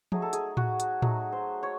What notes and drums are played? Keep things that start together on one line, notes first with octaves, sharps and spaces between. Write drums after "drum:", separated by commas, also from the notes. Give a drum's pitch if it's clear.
F#3 A3 D#4 G#4, drum: tom F3
A4
G#4, drum: hi-hat
F#4, drum: tom A2
drum: hi-hat
F#3 A3 D#4 G#4, drum: tom A2
C5
C#5